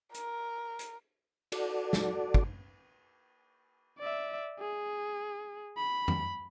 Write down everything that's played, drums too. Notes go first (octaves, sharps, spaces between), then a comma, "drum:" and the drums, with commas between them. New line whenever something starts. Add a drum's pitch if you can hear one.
A#4, drum: hi-hat
drum: hi-hat
F#4 A4 D5, drum: cymbal
drum: snare
drum: kick
D5 E5
G#4
B5
drum: tom F2